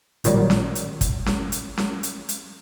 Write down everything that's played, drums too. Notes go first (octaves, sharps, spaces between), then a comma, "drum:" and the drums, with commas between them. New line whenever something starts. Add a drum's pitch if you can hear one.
A1 A#2 D#3 F#3 G3, drum: hi-hat
drum: snare C#4
drum: hi-hat
drum: kick, hi-hat
drum: snare C#4
drum: hi-hat
drum: snare C#4
drum: hi-hat
drum: hi-hat